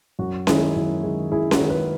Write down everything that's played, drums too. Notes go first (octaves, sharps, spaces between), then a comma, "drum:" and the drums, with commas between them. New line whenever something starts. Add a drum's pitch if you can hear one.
F#2 F#4
D#3 G#3 E4 G#4, drum: snare C#4
F#2 E4
D#3 G#3
F#2 E4 G#4
F#4 A#4, drum: snare C#4
D#3 G#3
G#4 B4